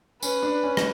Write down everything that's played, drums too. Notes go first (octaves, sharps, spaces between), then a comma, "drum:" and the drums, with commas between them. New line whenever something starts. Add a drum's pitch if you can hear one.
C#4 B4, drum: tambourine
D4
C#4
drum: rim click